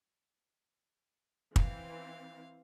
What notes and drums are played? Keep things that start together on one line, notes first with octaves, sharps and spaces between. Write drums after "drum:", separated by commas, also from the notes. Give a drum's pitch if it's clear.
E3 C4 F5, drum: kick